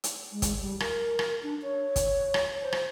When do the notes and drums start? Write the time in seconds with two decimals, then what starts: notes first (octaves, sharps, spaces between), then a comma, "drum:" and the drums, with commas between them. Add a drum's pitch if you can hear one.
0.04 drum: hi-hat
0.32 G#3
0.42 drum: kick, hi-hat
0.60 G3
0.80 A#4, drum: rim click
1.19 drum: rim click
1.43 D4
1.63 C#5
1.96 drum: kick, hi-hat
2.34 drum: rim click
2.62 C5
2.73 drum: rim click